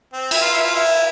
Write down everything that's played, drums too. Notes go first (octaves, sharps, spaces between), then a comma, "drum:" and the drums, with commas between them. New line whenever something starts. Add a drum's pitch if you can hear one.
C4
E4, drum: cymbal
F4
E4
F4
E4